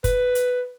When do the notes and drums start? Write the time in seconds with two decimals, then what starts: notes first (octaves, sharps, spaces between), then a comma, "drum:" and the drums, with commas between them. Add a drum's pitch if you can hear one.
0.04 B4, drum: kick, hi-hat
0.35 drum: hi-hat